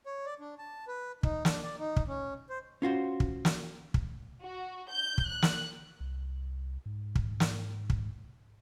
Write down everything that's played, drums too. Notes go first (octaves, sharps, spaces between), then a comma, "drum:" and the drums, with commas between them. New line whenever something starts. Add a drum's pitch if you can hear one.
C#5
D5
D4
A5
B4
D#4, drum: kick
D4, drum: snare
D5
D#4
drum: kick
C#4
C5
C#4 F4 F#4 C5
drum: kick
drum: snare
drum: kick
F#4
G6
drum: kick
F#6
drum: snare
C2
G#2
drum: kick
drum: snare
drum: kick